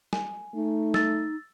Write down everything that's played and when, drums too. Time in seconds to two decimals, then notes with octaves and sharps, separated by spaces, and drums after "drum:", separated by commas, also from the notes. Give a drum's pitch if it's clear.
0.13 G#5, drum: snare
0.55 A3 D#4
0.94 E6 A6, drum: snare